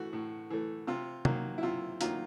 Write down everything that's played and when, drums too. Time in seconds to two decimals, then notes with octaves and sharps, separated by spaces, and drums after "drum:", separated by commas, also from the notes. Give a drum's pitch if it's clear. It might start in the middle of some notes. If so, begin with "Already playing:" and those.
Already playing: E3 A3 F#4
0.13 A2
0.50 E3 A3
0.87 C3 F4
1.25 D#3 F#3 A#3, drum: tom
1.58 E4
1.63 C3 F4
2.01 D#3 F#3 A#3 F4, drum: hi-hat